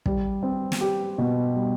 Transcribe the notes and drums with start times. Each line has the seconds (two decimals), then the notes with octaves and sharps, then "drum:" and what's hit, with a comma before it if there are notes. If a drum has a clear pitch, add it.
0.06 G3, drum: kick
0.43 C4
0.72 drum: snare
0.81 G4
1.18 B2
1.56 G3